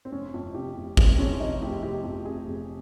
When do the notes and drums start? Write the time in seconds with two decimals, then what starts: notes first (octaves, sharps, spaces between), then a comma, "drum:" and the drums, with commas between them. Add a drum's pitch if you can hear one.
0.05 C4
0.12 F1 C#4
0.34 F2
0.54 C3 G4
0.76 F1
0.97 F1 G#4, drum: kick G#1
1.09 C4
1.19 F2 C#4
1.40 C3 D#4
1.62 F1 G4
1.82 F1 G4
2.04 F2
2.25 C3 G#4
2.47 F1